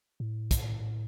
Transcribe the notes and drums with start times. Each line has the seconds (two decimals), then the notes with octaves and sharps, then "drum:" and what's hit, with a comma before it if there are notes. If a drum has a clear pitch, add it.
0.20 A2
0.51 drum: kick, hi-hat